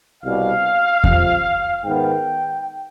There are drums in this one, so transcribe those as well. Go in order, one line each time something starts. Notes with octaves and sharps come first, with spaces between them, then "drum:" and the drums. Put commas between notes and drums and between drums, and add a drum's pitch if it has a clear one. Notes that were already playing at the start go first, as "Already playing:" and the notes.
C2 B2 G3 F5
F2 C3 F3, drum: kick E2
G#2 D#3 B3 G5